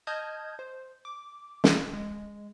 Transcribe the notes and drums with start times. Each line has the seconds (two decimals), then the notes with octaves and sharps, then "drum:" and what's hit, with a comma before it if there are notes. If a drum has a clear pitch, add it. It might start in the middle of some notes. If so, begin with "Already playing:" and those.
0.07 D#5 A5 D#6 F6 G6 G#6
0.59 C5
1.05 D6
1.64 drum: snare
1.93 G#3